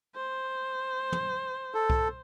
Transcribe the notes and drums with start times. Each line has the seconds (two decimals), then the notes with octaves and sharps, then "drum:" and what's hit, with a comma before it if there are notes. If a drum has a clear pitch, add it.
0.16 C5
1.12 drum: tom
1.75 A4
1.90 drum: kick C2